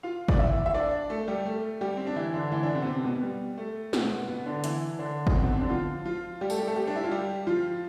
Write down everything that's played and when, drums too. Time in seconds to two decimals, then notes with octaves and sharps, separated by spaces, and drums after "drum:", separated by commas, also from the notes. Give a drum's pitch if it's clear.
0.03 F4 F5
0.28 D5, drum: kick
0.39 E4 E5
0.66 E5
0.74 D4 D5
1.10 A3 A4
1.28 G3 G4
1.46 A3
1.81 G3 G4
1.97 C4
2.07 D4
2.16 E3 E4
2.34 D3 D4
2.52 E3 E4
2.63 D3 D4
2.75 C3 C4
2.82 B3
2.87 C3 C4
3.04 B2 B3
3.22 G3
3.58 A3
3.93 B2 B3, drum: snare
4.28 B2 B3
4.46 D3 D4
4.64 E3 E4, drum: hi-hat
4.99 D3 D4
5.27 drum: kick
5.36 C4
5.43 B2 B3
5.52 C3 C4
5.61 D3 D4
5.70 F3 F4
6.06 F3 F4
6.41 G3 G4
6.50 A3 A4, drum: tambourine
6.58 G3 G4
6.67 A3 A4
6.76 G3 G4
6.87 D4
6.96 E4
7.04 F4
7.11 G3 G4
7.47 F3 F4